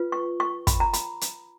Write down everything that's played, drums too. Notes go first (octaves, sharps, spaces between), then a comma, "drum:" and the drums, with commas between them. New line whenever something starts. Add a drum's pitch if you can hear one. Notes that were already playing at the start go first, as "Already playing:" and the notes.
Already playing: F4 B4
C#6
C#6
B5, drum: kick, hi-hat
A#5
B5, drum: hi-hat
drum: hi-hat